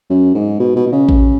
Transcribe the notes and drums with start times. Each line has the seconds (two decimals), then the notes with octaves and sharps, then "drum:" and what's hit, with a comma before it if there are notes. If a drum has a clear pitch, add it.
0.10 F#2
0.35 G#2
0.60 B2
0.76 B2
0.87 B2
0.92 C#3
1.09 drum: kick A1